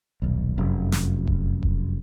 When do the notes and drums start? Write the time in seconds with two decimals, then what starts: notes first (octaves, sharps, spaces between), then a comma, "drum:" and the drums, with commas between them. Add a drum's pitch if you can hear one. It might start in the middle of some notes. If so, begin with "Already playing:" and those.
0.22 D#1 B1
0.58 F1 F#2
0.92 drum: snare
1.27 drum: kick D#1
1.63 drum: kick D#1